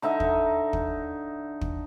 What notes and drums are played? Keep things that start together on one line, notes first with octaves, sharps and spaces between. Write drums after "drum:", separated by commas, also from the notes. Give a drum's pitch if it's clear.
D3 D#4 E5 A#5
drum: kick
drum: kick
drum: kick